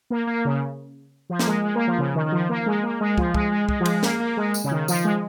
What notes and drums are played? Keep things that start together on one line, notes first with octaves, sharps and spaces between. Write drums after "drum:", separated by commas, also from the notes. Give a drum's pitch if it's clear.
A#3
A#3
C#3
F3
A#3, drum: snare
G#3
G#3
A#3
F3
C#3
D#3
D#3
F3
A#3
G#3
A#3
G#3
F3, drum: kick
G#3, drum: kick
G#3
G#3, drum: kick
F3
G#3, drum: cymbal
A#3, drum: snare
A#3
G#3
drum: tambourine
C#3
D#3
F3, drum: tambourine
G#3